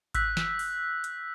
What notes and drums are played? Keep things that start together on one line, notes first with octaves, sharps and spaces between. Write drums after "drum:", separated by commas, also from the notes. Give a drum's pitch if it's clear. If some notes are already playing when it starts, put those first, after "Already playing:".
E6 F#6 G6 B6, drum: kick G#1, hi-hat
drum: snare
drum: open hi-hat
drum: hi-hat